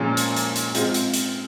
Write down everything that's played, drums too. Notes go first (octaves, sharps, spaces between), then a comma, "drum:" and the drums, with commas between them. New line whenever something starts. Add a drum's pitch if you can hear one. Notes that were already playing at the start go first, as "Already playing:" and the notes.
Already playing: A#2 F3 G#3 C#4
drum: hi-hat
drum: hi-hat
drum: hi-hat
G#3 C4 F4, drum: hi-hat
drum: hi-hat
drum: hi-hat